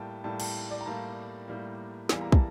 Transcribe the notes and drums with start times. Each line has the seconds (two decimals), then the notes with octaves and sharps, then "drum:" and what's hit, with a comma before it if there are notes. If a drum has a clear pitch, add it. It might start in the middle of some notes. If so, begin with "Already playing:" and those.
Already playing: A2 G3 A#3 G5 A5
0.24 A2 G3 A#3 A5
0.40 A5, drum: cymbal
0.71 D5
0.81 A#5
0.86 A2 G3 A#3 A5
1.48 A2 G3 A#3
2.09 E2 E3 G3 A#3, drum: snare
2.21 A#5
2.32 A5, drum: kick